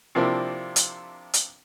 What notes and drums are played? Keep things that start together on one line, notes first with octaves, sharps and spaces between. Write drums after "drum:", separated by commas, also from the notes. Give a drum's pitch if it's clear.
C3 F3 A#3 C4 D4 E4
drum: hi-hat
drum: hi-hat